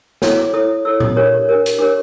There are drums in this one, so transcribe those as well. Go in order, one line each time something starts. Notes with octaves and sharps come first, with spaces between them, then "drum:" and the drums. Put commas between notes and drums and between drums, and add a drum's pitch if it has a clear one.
E4 A4 C#5, drum: snare
D6
E4 A4 C#5 D#6
E4 A4 C#5 E6
D#6, drum: tom A#2
D4 G4 A#4 C#5
D4 G4 A#4 C#5
drum: hi-hat
D4 G4 A#4 C#5 D6